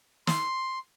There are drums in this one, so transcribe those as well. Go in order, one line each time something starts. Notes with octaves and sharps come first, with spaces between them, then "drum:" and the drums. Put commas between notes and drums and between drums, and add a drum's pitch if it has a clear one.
C6, drum: snare